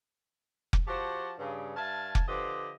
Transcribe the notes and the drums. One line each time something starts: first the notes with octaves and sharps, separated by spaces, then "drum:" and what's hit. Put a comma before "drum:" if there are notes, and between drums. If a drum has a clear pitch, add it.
drum: kick F1
F3 F#4 G4 C5 F#5 A5
G2 C#3
G2 E5 F5 G#5 A5
drum: kick F1
D3 F3 G4 B4 C5 D#5